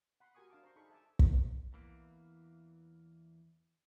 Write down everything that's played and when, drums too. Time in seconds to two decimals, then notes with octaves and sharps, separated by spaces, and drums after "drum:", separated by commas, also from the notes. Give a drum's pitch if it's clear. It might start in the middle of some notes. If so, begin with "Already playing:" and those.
0.20 F#5 B5 C6
0.35 F#4 G4 A#4 G#5 C#6 D#6
0.50 D4 F5 A5 D6
0.63 C5 A#5 C6 C#6
0.76 D#4 G#4 A4 B5 C#6
0.90 A4 E5 G#5 A5 D6
1.19 drum: kick
1.73 E2 E3 A#3